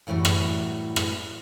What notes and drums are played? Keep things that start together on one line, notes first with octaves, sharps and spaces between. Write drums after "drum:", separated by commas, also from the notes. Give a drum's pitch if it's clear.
F#2 A2 E3 G3 F#4
drum: rim click
drum: rim click